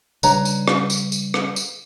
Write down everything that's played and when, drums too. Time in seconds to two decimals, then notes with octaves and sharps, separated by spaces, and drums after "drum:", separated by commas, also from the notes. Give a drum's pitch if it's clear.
0.23 C#3 G3 D4 B4 C#5 A#5, drum: tambourine
0.45 drum: tambourine
0.68 drum: rim click
0.90 drum: tambourine
1.12 drum: tambourine
1.34 drum: rim click
1.56 drum: tambourine